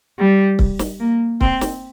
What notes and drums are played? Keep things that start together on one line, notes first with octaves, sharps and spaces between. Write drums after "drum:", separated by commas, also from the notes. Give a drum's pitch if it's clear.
G3
drum: kick C#1
drum: snare
A#3
C4, drum: kick C#1
drum: snare